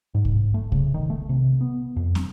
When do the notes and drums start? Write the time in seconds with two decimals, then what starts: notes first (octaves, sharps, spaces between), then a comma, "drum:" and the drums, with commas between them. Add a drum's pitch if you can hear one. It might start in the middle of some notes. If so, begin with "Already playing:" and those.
0.15 G#2
0.25 drum: kick
0.54 A3
0.72 C#3, drum: kick
0.94 D#3
1.10 A3
1.29 C3
1.61 B3
1.96 F2
2.15 F1, drum: snare